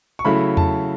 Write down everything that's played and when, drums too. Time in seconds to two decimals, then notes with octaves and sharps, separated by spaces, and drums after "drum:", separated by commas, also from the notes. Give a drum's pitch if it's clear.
0.19 C#6
0.25 C#3 F#3 A3 E4 B5
0.57 A5, drum: tom E2